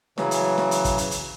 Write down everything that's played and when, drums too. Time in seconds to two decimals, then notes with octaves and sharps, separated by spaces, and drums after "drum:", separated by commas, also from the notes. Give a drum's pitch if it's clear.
0.18 C#3 E3 F#3, drum: snare
0.31 drum: hi-hat
0.58 drum: snare
0.71 drum: hi-hat
0.85 drum: kick, hi-hat
0.98 drum: hi-hat
1.11 drum: hi-hat